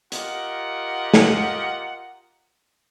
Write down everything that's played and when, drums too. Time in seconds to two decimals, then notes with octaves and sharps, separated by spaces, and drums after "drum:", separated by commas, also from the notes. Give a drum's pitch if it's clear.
0.12 F4 G4 A#4 D#5 F#5, drum: hi-hat
1.14 drum: snare